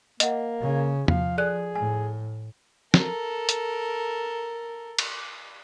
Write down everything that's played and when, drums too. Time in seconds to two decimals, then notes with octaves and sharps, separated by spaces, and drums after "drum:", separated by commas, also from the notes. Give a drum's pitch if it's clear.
0.20 A#3 D#5 F#5, drum: hi-hat
0.61 C#3
1.08 F3 F5, drum: tom
1.38 G#4 A4 D5 F#6
1.75 A2 G#5
2.94 A4 A#4, drum: snare
3.49 drum: hi-hat
4.99 drum: cymbal